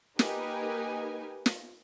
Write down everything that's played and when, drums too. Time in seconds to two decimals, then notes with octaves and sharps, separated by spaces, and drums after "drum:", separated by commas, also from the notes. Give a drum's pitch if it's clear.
0.19 A#3 D#4 G4 A#4 B4 G#5, drum: snare
1.46 drum: snare